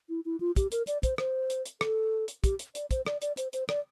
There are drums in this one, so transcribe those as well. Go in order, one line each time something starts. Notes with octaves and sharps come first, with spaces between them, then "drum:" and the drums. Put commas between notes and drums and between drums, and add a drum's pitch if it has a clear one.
E4
E4
F4
G4, drum: kick, hi-hat
A#4, drum: hi-hat
D5, drum: hi-hat
C5, drum: kick, hi-hat
C5, drum: rim click
drum: hi-hat
drum: hi-hat
A4, drum: rim click
drum: hi-hat
G4, drum: kick, hi-hat
drum: hi-hat
D5, drum: hi-hat
C5, drum: kick, hi-hat
D5, drum: rim click
D5, drum: hi-hat
C5, drum: hi-hat
C5, drum: hi-hat
D5, drum: rim click